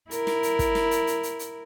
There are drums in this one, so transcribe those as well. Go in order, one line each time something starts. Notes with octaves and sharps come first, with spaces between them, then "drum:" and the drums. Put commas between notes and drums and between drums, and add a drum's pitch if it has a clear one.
E4 A#4, drum: hi-hat
drum: snare
drum: hi-hat
drum: kick, hi-hat
drum: snare
drum: hi-hat
drum: hi-hat
drum: hi-hat
drum: hi-hat